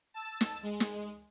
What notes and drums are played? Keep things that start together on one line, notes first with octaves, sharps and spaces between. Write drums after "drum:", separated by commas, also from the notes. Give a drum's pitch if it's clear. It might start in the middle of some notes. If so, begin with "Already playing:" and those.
A5 E6
drum: snare
G#3
drum: snare